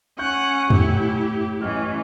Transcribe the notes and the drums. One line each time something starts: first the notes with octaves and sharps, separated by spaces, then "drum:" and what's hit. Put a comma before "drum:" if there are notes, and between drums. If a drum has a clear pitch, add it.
C#4 F#5 C#6 F#6 G6
A2 E4 G4, drum: tom E2
A1 E3 C#4 D#5 F6